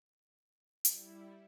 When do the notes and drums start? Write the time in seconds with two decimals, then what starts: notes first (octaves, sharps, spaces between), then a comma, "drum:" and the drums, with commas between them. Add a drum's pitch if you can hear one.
0.85 G3 E4, drum: hi-hat